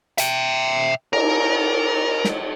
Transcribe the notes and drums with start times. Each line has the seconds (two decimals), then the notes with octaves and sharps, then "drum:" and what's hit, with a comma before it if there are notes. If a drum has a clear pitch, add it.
0.18 E5 G5, drum: hi-hat
1.13 A#4, drum: cymbal
2.25 drum: snare